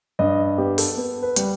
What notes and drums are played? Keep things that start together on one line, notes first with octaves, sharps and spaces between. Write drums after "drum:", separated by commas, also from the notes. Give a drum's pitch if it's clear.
G2 D#5
B3 G4
A4, drum: open hi-hat
B3
B4
G3, drum: hi-hat